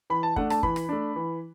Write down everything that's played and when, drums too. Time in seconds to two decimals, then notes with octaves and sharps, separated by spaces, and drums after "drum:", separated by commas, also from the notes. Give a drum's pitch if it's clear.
0.10 E3 B5
0.23 A5
0.36 A3 D4 F#5, drum: kick
0.50 A5, drum: rim click
0.63 E3 B5, drum: kick
0.76 drum: rim click
0.89 A3 D4
1.16 E3